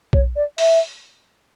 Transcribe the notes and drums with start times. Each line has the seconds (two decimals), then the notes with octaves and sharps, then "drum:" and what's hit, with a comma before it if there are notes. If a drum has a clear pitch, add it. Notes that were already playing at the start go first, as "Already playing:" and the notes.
0.13 C#5, drum: kick B1
0.35 D5
0.58 E5, drum: open hi-hat